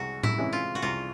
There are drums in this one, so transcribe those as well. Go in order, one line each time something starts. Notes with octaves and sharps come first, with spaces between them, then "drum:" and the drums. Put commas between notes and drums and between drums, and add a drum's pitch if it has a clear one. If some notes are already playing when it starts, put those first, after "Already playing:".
Already playing: C2 G#3 F#4
E4, drum: tom A2
C3 E3 G#3 C#4
F4
F#4
C2 F4